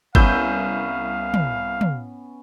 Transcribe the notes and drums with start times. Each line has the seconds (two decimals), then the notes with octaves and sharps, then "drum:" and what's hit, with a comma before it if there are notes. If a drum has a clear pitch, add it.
0.15 C2 B3 C#4 F5 E6 G6, drum: kick G1
1.34 drum: tom
1.81 drum: tom